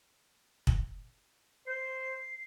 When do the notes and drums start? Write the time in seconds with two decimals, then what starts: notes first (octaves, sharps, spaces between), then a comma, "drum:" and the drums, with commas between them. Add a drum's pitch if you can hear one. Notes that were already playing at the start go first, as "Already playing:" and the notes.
0.67 drum: kick
1.67 C5 C7